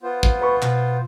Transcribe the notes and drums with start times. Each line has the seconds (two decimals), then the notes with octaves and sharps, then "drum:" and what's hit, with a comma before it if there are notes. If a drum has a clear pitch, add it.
0.03 B3 F4 C5
0.23 drum: kick
0.42 B4 B5 C#6
0.62 B2, drum: clap